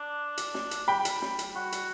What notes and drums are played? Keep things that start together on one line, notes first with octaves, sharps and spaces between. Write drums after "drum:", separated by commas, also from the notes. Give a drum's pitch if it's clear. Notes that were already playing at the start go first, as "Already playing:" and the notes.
Already playing: D4
drum: hi-hat
drum: snare
drum: hi-hat
G5 B5
drum: hi-hat
drum: snare
drum: hi-hat
F#4
drum: hi-hat